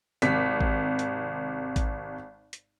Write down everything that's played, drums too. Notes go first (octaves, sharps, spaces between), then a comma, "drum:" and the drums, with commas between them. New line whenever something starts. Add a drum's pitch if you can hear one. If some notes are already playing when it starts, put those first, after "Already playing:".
G#1 C3 B6, drum: hi-hat
drum: kick A1
drum: hi-hat
drum: kick A1, hi-hat
drum: hi-hat